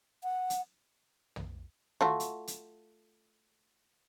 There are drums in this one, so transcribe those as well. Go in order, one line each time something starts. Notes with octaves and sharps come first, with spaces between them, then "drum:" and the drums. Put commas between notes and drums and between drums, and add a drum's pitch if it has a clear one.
F#5
drum: hi-hat
drum: tom
A3 F4 F#4, drum: tom
drum: hi-hat
drum: hi-hat